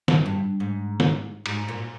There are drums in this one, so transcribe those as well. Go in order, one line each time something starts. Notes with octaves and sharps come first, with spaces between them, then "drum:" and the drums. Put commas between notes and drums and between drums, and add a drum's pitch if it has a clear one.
G2, drum: snare
G2
G#2
drum: snare
G#2, drum: cymbal
A#2